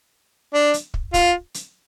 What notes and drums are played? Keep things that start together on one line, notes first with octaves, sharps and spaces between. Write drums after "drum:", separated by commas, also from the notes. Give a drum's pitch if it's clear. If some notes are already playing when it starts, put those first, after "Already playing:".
D4
drum: hi-hat
drum: kick
F4, drum: kick, hi-hat
drum: hi-hat